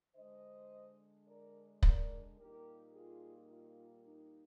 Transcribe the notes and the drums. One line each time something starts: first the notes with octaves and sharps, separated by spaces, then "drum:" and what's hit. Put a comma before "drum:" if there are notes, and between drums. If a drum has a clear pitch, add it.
D3 G#3 D4 C5 D#5
A#4 D5
A#4 D5, drum: kick
A#2 G3 A#3 D#4 G4 A#4
F4 G#4
F4
D#4